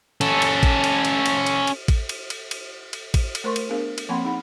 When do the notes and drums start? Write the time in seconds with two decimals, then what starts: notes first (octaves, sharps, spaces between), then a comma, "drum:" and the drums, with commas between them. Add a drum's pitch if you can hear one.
0.21 C#4 A4, drum: cymbal
0.42 drum: cymbal
0.63 drum: kick A1, cymbal
0.84 drum: cymbal
1.05 drum: cymbal
1.26 drum: cymbal
1.46 drum: cymbal
1.67 drum: cymbal
1.88 drum: kick A1, cymbal
2.09 drum: cymbal
2.30 drum: cymbal
2.51 drum: cymbal
2.93 drum: cymbal
3.14 drum: kick A1, cymbal
3.35 drum: cymbal
3.44 A3 A#4 C5 C6 C#6
3.56 drum: cymbal
3.69 B3 D4 G#4 A#4 F5
3.98 drum: cymbal
4.09 F3 A#3 C4 F#5 B5 C6
4.25 D#4 G#4 F#5 B5